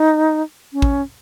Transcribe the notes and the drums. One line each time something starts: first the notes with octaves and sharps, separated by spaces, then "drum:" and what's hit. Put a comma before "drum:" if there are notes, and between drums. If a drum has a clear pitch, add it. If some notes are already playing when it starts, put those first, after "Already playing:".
Already playing: D#4
C#4
drum: kick